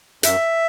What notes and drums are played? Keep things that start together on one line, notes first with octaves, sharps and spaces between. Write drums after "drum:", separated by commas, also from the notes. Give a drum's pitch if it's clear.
F#2 E5, drum: hi-hat